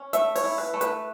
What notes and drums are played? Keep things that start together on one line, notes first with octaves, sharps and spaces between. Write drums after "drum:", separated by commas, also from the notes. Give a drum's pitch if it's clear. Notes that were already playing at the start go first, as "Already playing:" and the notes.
Already playing: C#4
A3 E5, drum: hi-hat
C#5, drum: open hi-hat
E4
B4
A3
B4, drum: hi-hat